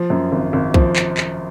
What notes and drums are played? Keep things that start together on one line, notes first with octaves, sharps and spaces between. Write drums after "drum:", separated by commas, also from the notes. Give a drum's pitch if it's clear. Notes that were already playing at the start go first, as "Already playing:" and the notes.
Already playing: F3
F#2
G#1
G#1
F3, drum: kick B1
drum: clap
drum: clap